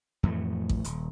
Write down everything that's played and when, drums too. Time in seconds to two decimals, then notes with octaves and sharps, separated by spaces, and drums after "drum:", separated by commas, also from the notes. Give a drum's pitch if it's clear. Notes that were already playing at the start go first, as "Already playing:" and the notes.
0.23 F2 A2 E3 A3
0.69 drum: kick A1
0.84 D#1, drum: hi-hat